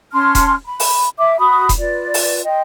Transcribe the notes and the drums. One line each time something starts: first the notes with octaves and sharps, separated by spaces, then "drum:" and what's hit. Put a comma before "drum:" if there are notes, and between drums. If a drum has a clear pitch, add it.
C#4 A5 C6 F6
drum: kick E1, hi-hat
B5
drum: open hi-hat
E5 D6
F#4 B5 D#6
drum: kick E1, hi-hat
F4 B4 D5
drum: open hi-hat
D#5 G5 C6